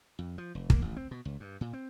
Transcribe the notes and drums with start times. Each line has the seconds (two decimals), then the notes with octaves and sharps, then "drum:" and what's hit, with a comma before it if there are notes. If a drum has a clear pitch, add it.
0.19 F2
0.38 F3
0.55 F1
0.70 A#3, drum: kick
0.82 A1
0.97 C4
1.11 B2
1.25 C#2
1.40 G2
1.61 A#2
1.73 C4